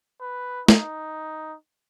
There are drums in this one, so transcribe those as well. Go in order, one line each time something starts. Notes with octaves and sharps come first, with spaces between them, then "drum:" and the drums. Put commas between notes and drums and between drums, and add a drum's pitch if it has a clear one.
B4
D#4, drum: snare